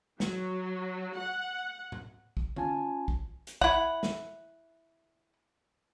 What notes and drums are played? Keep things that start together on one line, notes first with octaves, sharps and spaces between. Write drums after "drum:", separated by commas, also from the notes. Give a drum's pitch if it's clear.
F#3, drum: snare
F#5
drum: tom A2
drum: kick
C#4 F4 G#5 A5, drum: tom D3
drum: kick
drum: hi-hat
E4 F#5, drum: kick
drum: snare